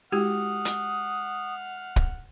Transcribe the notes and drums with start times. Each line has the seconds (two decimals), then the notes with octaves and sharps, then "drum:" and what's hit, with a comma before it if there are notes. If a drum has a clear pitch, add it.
0.12 G#3 E4 F#4 G4 F#5 D#6 F6
0.65 drum: hi-hat
1.96 drum: kick